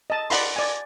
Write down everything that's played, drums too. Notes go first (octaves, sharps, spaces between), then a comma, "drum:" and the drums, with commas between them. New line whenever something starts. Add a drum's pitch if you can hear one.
D#5 A5
D5 F#5 B5 C6, drum: open hi-hat
D5 G#5